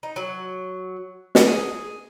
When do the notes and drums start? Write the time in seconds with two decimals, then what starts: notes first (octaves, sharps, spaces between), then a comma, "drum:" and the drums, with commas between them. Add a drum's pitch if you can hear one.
0.03 D#4
0.16 F#3
1.35 drum: snare
1.46 G#4